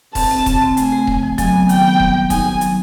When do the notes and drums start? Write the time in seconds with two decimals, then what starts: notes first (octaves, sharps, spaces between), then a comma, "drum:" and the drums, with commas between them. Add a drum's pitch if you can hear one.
0.15 C4 A5, drum: kick D#1, open hi-hat
0.31 C4
0.46 C#3, drum: kick D#1, hi-hat
0.62 C4
0.77 A3 G#5, drum: hi-hat
0.92 A3
1.07 C#3, drum: kick D#1
1.23 F3
1.38 F#3 G#5, drum: kick D#1, hi-hat
1.53 B3
1.69 D#3 G5, drum: hi-hat
1.84 B3
2.00 G3, drum: kick D#1
2.15 G3
2.30 D#4 G#5, drum: kick D#1, hi-hat
2.46 D#4
2.61 F#3, drum: hi-hat